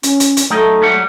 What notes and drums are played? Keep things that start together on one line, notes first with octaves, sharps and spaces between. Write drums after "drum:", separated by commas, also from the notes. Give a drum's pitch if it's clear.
C#4, drum: hi-hat
drum: hi-hat
drum: hi-hat
F#3 A3 D#4
F#3 G3 F#5